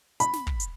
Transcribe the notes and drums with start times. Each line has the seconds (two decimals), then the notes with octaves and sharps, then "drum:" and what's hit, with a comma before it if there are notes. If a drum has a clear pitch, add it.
0.20 B5, drum: hi-hat
0.33 drum: snare
0.47 drum: kick
0.60 drum: hi-hat